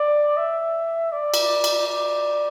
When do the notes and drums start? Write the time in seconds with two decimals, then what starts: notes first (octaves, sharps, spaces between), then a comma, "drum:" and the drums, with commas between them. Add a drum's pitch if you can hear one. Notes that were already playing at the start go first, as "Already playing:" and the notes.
Already playing: D5
0.37 E5
1.12 D5
1.34 drum: cymbal
1.64 drum: cymbal
1.87 D5